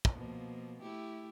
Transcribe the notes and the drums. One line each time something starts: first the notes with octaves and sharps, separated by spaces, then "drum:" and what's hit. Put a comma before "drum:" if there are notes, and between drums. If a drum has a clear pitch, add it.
drum: kick
B2 F3 A#3
A3 E4 G4